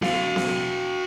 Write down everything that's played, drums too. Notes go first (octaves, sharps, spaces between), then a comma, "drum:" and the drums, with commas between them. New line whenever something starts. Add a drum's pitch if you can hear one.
F#4 F5, drum: snare B3
drum: snare B3